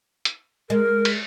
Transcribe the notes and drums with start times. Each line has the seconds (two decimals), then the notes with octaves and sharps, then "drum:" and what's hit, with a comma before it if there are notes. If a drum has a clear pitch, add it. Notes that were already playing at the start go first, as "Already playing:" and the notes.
0.25 drum: hi-hat
0.70 G#3 A#4
1.05 drum: cymbal